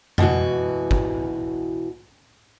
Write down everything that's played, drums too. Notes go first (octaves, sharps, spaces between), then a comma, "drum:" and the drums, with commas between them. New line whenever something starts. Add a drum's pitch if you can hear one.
B2 E3 F#4, drum: tom F2
drum: kick